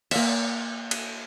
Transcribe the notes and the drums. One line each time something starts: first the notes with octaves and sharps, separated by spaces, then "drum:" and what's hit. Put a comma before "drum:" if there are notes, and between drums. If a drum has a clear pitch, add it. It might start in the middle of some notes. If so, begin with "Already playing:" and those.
A#3 E5, drum: cymbal
drum: cymbal